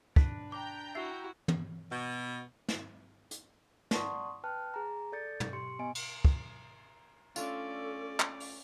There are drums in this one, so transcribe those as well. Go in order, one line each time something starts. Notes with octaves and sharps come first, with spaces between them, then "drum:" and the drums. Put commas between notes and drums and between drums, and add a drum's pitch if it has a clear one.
D4 B4 B6, drum: kick
G5 A#5 D6 G6 G7
E4 F#4 E5 E6 C7
drum: tom
B2
drum: snare
drum: hi-hat
D5 F#5 A5 C6 C#6 D#6, drum: snare
B4 G5 A5 F6 F#6
G#4 A#5
A4 D5 G6 A6 C#7
drum: tom
G4 C6 C#7
B3 D#5 G#5 D7
drum: cymbal
drum: kick
A3 C#4 D4 F4 A4 D5, drum: tambourine
drum: clap
drum: open hi-hat